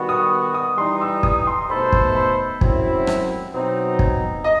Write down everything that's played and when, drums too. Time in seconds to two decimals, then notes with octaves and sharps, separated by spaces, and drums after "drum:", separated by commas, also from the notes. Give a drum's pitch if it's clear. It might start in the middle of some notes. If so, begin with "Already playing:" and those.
Already playing: D#3 G3 B3 F#4
0.09 D#6
0.54 D#6
0.78 E3 G3 D#4 C6
1.01 E6
1.23 D#6, drum: kick
1.47 C6
1.69 B2 A3 D#4 A4 C5 B5
1.92 drum: kick
2.15 B5
2.61 F#2 F#3 C4 E4, drum: kick
3.07 drum: rim click
3.53 B2 F#3 C4 D#4
3.99 drum: kick
4.44 D#5